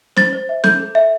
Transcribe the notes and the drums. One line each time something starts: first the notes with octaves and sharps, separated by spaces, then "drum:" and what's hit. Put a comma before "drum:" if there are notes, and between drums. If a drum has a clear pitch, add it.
C5 A6, drum: snare
C5
E5
A4 G6, drum: snare
A4
E5